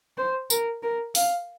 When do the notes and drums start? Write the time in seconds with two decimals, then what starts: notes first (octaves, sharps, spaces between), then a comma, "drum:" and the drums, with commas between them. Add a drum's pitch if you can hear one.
0.17 C5
0.50 A#4, drum: tambourine
0.83 A#4
1.15 F5, drum: open hi-hat